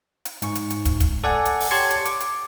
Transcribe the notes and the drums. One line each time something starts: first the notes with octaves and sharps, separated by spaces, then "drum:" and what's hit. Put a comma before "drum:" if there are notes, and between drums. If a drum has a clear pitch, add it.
drum: hi-hat
G#2 C#6, drum: hi-hat
drum: hi-hat
drum: hi-hat
drum: kick, hi-hat
drum: kick, hi-hat
A4 D5 F#5 G#5
drum: hi-hat
drum: open hi-hat
G4 C#5 A5 C6 G#6 C#7
drum: hi-hat
D6, drum: hi-hat
drum: hi-hat